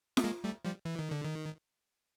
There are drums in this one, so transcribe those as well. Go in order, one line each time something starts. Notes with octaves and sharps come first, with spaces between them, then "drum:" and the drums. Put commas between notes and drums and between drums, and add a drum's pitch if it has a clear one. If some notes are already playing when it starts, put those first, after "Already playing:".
A3, drum: snare F4
G#3 A#3
G3 A3
F3 G3
E3
D#3
D3
D#3